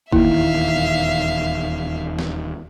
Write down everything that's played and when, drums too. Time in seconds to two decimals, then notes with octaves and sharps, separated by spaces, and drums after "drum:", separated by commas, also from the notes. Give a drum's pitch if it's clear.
0.12 D#1 E2 D#3 A#3 E4 E5 F5, drum: kick G1
2.19 drum: snare